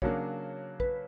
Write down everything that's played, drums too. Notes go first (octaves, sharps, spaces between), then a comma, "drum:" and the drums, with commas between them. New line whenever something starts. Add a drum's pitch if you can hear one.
C#3 F#3 A#3 D4 F#4 C#5, drum: kick
B4, drum: kick